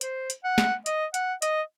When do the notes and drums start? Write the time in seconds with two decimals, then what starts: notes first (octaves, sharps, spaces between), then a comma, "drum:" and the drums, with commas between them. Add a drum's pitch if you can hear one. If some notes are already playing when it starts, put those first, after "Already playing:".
0.01 C5, drum: hi-hat
0.30 drum: hi-hat
0.44 F#5
0.58 drum: snare
0.86 D#5, drum: hi-hat
1.14 F#5, drum: hi-hat
1.42 D#5, drum: hi-hat